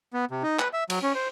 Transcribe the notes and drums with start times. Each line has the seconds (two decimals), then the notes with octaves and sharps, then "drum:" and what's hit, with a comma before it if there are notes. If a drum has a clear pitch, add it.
0.13 B3
0.31 C3
0.43 D#4
0.59 B4, drum: clap
0.73 E5
0.90 F#3, drum: cymbal
1.03 C#4
1.15 C5